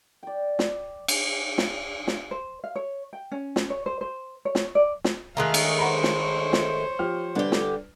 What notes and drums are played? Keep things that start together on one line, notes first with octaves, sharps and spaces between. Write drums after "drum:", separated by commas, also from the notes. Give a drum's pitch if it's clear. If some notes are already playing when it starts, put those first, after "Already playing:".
D5 G5
drum: snare
drum: cymbal
drum: snare
drum: snare
C5
F5
C#5
G5
C#4
drum: snare
C#5
C5
C5
C#5
drum: snare
D5
drum: snare
D#3 G#3 A3 F5 G#5 A#5 C6 F#6
drum: cymbal
C5 C#5 F#5 A#5 B5
drum: snare
drum: snare
F3 G4 F6
D3 G3 D4 G4 B4
drum: snare